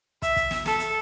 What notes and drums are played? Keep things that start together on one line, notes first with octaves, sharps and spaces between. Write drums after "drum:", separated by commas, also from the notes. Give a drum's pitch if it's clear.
E5, drum: kick, hi-hat
drum: kick, hi-hat
drum: snare
A4, drum: snare
drum: hi-hat